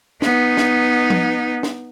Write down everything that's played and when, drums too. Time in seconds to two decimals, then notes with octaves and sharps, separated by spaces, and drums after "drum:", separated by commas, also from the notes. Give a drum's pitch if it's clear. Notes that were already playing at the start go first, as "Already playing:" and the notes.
0.22 B3 D#4, drum: snare
0.57 drum: snare
1.10 drum: tom F3
1.63 drum: snare